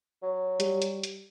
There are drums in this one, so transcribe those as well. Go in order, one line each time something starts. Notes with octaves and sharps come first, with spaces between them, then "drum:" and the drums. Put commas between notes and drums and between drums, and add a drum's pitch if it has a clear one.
F#3
G3, drum: hi-hat
drum: hi-hat
drum: hi-hat